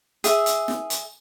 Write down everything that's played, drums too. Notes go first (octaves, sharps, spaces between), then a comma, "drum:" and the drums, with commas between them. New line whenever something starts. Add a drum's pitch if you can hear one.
G#4 E5, drum: hi-hat
drum: hi-hat
drum: snare
drum: hi-hat